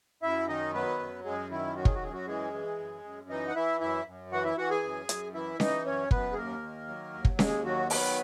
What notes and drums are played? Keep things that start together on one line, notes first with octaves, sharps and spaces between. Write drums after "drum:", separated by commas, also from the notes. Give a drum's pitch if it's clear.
F#2 E4 E5
D#3 D#4 D#5
F#3 B3 B4
F#2
F#2 G#3 G#4
D#3 E4
F#3 F#4
G#4, drum: kick
F#4
F#2 G#4
F#3 F#4
E3 G#3 G#4
E3
F#2
F#2
E3 D#4 D#5
F#5
E3 E4 E5
F#2 E4 E5
F#2
E3 F#4 F#5
E4 E5
E3 F#4 F#5
G#4 G#5
F#2
F#2, drum: hi-hat
E3 E4 E5
E3 D#4 D#5, drum: snare C#4
F#2 C#4 C#5
F#2 B3 B4, drum: kick
G#4
D#2 A#3 A#4
D#3
F#3
D#2
drum: kick
D#2 G#3 G#4, drum: snare C#4
D#3 F#3 F#4
F#3 B3 B4, drum: open hi-hat